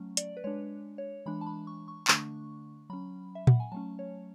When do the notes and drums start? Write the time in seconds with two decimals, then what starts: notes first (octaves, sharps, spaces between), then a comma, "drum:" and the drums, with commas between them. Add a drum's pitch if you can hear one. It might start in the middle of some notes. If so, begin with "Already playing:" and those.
Already playing: F#3 A3 C#4
0.17 D5, drum: hi-hat
0.37 B4
0.44 G#3 D4 C#5
0.98 C#5
1.26 E3 G#3 D4 B5
1.41 A5
1.46 B5
1.67 C#6
1.88 C#6
2.08 D3 A3 D4 C#6, drum: clap
2.90 F#3 C#4 B5
3.35 E5
3.47 F#5, drum: tom A#2
3.60 G#5
3.72 F#3 A3 C#4 A5
3.99 C#5